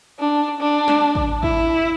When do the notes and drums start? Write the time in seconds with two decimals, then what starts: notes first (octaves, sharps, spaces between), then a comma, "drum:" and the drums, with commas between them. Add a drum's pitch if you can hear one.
0.19 D4
0.60 D4
0.88 drum: snare
1.15 drum: kick
1.43 E4, drum: kick